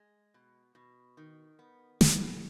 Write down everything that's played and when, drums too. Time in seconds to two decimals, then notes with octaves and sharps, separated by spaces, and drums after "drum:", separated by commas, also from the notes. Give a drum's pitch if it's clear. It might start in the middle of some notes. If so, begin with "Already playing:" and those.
Already playing: G#3
0.34 B2
0.75 B2
1.17 D#3
1.59 B3
2.01 B3, drum: snare